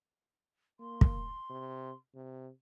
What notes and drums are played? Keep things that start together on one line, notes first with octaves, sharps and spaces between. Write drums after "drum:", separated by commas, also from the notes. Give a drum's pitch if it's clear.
A#3 C6
drum: kick
C3
C3